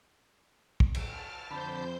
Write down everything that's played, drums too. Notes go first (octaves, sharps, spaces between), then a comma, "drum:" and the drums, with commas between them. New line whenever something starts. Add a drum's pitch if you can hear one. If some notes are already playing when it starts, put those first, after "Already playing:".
drum: kick
drum: cymbal
A5 F6
F2 D3 C5 A5 B5 G6